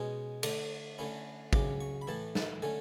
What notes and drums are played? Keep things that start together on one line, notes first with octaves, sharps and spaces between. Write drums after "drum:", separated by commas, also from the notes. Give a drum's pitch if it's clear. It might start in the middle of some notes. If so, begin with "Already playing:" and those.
Already playing: B2 G#3 C#4 G#5
D3 A3 D4, drum: cymbal
D3 A3 C#4 E4
C#3 F#3 C#4 D6, drum: kick
C#6
B5
A2 E3 A3 E4 A5
A5, drum: snare
D3 A3 C#4 G#5